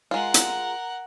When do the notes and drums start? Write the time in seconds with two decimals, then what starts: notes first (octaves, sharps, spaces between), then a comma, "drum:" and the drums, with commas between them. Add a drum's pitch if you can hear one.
0.11 G#3 F4 A#4 F#5
0.34 drum: hi-hat